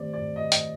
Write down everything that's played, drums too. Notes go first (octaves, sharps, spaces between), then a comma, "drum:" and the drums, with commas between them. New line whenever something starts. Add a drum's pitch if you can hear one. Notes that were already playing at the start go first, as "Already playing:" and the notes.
Already playing: D#3 A3 C4 G4 C5 D5
D5
D#5
drum: hi-hat